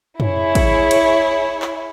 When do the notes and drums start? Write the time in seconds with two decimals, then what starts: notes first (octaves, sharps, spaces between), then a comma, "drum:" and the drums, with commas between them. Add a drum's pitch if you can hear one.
0.20 E4 G#4 C#5, drum: tom
0.55 drum: kick, cymbal
0.91 drum: cymbal
1.62 drum: clap